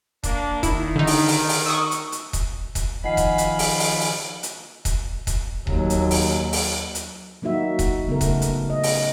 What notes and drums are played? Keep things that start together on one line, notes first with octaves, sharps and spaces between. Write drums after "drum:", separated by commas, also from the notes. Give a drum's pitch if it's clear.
A#3 D4, drum: kick D#1, hi-hat
D#3 E4, drum: kick D#1, hi-hat
D3 D#4
drum: open hi-hat
drum: open hi-hat
drum: open hi-hat
C#6 D#6 E6
drum: hi-hat
drum: hi-hat
drum: kick D#1, hi-hat
drum: kick D#1, hi-hat
D#3 F3 D#5 F5 F#5 G#5 B5 C7
drum: kick D#1, hi-hat
drum: hi-hat
drum: open hi-hat
drum: open hi-hat
drum: open hi-hat
drum: hi-hat
drum: kick D#1, hi-hat
drum: kick D#1, hi-hat
D#2 F#3, drum: kick D#1
drum: hi-hat
drum: open hi-hat
drum: open hi-hat
drum: hi-hat
F#3 A#3 D#4 F#4 E5
drum: kick D#1, hi-hat
C#3 A3 B3 A#4
drum: kick D#1, hi-hat
drum: hi-hat
D#5
drum: open hi-hat